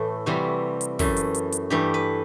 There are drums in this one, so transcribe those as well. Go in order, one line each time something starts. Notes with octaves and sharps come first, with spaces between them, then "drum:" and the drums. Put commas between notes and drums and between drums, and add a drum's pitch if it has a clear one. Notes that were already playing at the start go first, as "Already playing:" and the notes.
Already playing: A2 E3 A3 E4
C3 E3 G3 C4 F#4
drum: hi-hat
F#2 E3 A3, drum: kick, open hi-hat
drum: hi-hat
drum: hi-hat
drum: hi-hat
G2 E3 A3 G4
B4